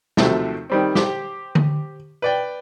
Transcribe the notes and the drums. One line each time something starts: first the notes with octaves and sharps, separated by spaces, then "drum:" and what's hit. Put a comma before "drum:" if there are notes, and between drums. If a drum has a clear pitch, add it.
D#2 C3 F3 F#3 A3, drum: snare
D#3 G3 C4
G4 C5, drum: snare
drum: tom D3
B4 D5 G5